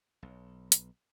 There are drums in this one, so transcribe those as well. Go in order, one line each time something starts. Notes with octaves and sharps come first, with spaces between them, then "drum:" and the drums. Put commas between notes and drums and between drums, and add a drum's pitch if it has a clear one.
B1
drum: hi-hat